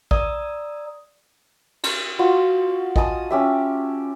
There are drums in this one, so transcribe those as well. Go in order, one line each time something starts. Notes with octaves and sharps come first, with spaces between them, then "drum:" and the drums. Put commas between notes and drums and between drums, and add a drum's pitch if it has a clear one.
D5 A#5 D#6 E6, drum: kick A#1
C6 C#6, drum: cymbal
F4 F#4
D#5 G#5 A5 D#6, drum: kick A#1
C#4 G4 E5